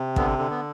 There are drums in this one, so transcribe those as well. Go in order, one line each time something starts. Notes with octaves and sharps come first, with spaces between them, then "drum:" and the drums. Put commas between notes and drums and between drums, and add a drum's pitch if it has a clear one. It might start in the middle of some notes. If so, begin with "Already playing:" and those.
Already playing: C3
D3 B3, drum: kick
D3
B3